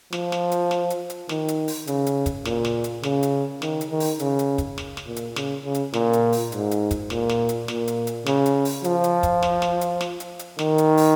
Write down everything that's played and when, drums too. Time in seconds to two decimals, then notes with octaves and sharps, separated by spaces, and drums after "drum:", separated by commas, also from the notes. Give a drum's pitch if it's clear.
0.13 F3, drum: snare
0.32 drum: snare
0.52 drum: hi-hat
0.71 drum: snare
0.90 drum: hi-hat
1.10 drum: hi-hat
1.29 D#3, drum: snare
1.48 drum: hi-hat
1.68 drum: open hi-hat
1.87 C#3, drum: hi-hat
2.06 drum: hi-hat
2.26 drum: kick, hi-hat
2.45 A#2, drum: snare
2.65 drum: snare
2.84 drum: hi-hat
3.03 C#3, drum: snare
3.23 drum: hi-hat
3.62 D#3, drum: snare
3.81 drum: hi-hat
3.90 D#3
4.00 drum: open hi-hat
4.19 C#3, drum: hi-hat
4.39 drum: hi-hat
4.58 drum: kick, hi-hat
4.78 drum: snare
4.97 drum: snare
5.06 A#2
5.16 drum: hi-hat
5.36 C#3, drum: snare
5.64 C#3
5.74 drum: hi-hat
5.94 A#2, drum: snare
6.13 drum: hi-hat
6.33 drum: open hi-hat
6.52 G#2, drum: hi-hat
6.71 drum: hi-hat
6.91 drum: kick, hi-hat
7.10 A#2, drum: snare
7.29 drum: snare
7.49 drum: hi-hat
7.68 A#2, drum: snare
7.88 drum: hi-hat
8.07 drum: hi-hat
8.26 C#3, drum: snare
8.46 drum: hi-hat
8.65 drum: open hi-hat
8.84 F3, drum: hi-hat
9.04 drum: hi-hat
9.23 drum: kick, hi-hat
9.42 drum: snare
9.62 drum: snare
9.81 drum: hi-hat
10.01 drum: snare
10.20 drum: hi-hat
10.39 drum: hi-hat
10.59 D#3, drum: snare
10.78 drum: hi-hat
10.97 drum: open hi-hat